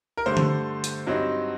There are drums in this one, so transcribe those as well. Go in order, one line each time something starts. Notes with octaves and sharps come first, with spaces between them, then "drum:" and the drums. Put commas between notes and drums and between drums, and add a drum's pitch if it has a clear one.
A#4
G2 D3 A3 C5
drum: tom D3
drum: hi-hat
G2 F#3 C4 D#4